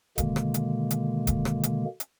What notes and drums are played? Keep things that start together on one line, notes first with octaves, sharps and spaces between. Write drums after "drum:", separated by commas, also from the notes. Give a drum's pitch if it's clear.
B2 D3 D#3 G#3 A#3, drum: kick, hi-hat
drum: rim click
drum: hi-hat
drum: hi-hat
drum: kick, hi-hat
drum: rim click
drum: hi-hat
drum: hi-hat